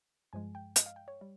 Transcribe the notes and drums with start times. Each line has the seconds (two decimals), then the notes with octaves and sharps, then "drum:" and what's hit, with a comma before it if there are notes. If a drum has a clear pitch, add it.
0.33 G2 F3 G#3 G#5
0.55 G5
0.76 D#5, drum: hi-hat
0.86 F5
0.96 G5
1.08 C#5
1.21 G3